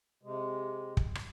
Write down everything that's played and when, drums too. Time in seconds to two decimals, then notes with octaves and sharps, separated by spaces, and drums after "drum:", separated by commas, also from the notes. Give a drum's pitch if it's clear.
0.23 C3 G#3
0.97 drum: kick
1.15 drum: rim click